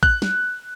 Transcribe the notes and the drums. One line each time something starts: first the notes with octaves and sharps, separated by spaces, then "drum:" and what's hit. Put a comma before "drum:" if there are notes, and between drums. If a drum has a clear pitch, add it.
F#6, drum: kick
drum: snare